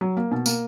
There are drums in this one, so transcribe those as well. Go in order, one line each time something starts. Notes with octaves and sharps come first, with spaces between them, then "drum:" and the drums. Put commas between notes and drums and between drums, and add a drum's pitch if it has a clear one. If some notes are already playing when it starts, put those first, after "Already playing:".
F#3
A#3
B2
A#3, drum: tambourine